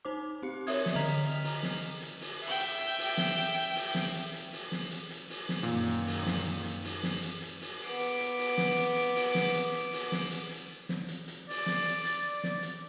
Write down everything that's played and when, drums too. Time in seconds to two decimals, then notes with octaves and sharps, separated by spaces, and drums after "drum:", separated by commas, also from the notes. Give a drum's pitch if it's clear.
0.05 D#4 C5 D6
0.43 C4 G4 C#7
0.67 A#4 C#5 D5 E5 D#6 G#6, drum: open hi-hat
0.86 drum: snare
0.95 D3 D#5 A#5 F6 B6 F7
1.05 drum: hi-hat
1.25 drum: hi-hat
1.44 drum: open hi-hat
1.63 drum: snare
2.02 drum: hi-hat
2.21 drum: open hi-hat
2.44 E5 G5
2.60 drum: hi-hat
2.79 drum: hi-hat
2.98 drum: open hi-hat
3.17 drum: snare
3.37 drum: hi-hat
3.56 drum: hi-hat
3.75 drum: open hi-hat
3.95 drum: snare
4.14 drum: hi-hat
4.33 drum: hi-hat
4.53 drum: open hi-hat
4.72 drum: snare
4.91 drum: hi-hat
5.10 drum: hi-hat
5.30 drum: open hi-hat
5.49 drum: snare
5.63 F#2 A#2 D#3
5.88 drum: hi-hat
6.07 drum: open hi-hat
6.26 drum: snare
6.65 drum: hi-hat
6.84 drum: open hi-hat
7.03 drum: snare
7.23 drum: hi-hat
7.42 drum: hi-hat
7.61 drum: open hi-hat
7.87 B3 D6
8.00 drum: hi-hat
8.19 drum: hi-hat
8.38 drum: open hi-hat
8.58 drum: snare
8.77 drum: hi-hat
8.96 drum: hi-hat
9.16 drum: open hi-hat
9.35 drum: snare
9.54 drum: hi-hat
9.73 drum: hi-hat
9.93 drum: open hi-hat
10.12 drum: snare
10.31 drum: hi-hat
10.51 drum: hi-hat
10.89 drum: snare
11.08 drum: hi-hat
11.28 drum: hi-hat
11.50 D5, drum: open hi-hat
11.66 drum: snare
11.86 drum: hi-hat
12.05 drum: hi-hat
12.44 drum: snare
12.63 drum: hi-hat